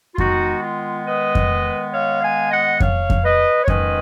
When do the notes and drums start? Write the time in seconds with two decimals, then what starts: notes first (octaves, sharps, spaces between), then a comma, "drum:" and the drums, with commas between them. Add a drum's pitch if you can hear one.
0.15 F4
0.18 D#3 G#3 B3 D#4 F#4, drum: kick F2
0.62 F4
1.06 B4 D#5
1.35 drum: kick F2
1.93 C#5 F5
2.23 F5 G#5
2.51 D#5 F#5
2.80 C#5 F5, drum: kick F2
3.10 drum: kick F2
3.24 B4 D#5
3.64 C#5
3.68 G#2 D#3 G#3 C#4 B4 D#5, drum: kick F2